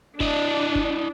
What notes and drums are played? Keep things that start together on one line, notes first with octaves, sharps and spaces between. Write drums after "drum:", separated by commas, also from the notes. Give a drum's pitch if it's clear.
D4 E4 D5 D#5, drum: kick F#1
drum: kick F#1